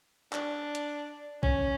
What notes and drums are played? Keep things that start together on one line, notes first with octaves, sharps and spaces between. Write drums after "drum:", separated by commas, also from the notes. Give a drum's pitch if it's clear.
D4, drum: clap
drum: hi-hat
C#4, drum: kick A#1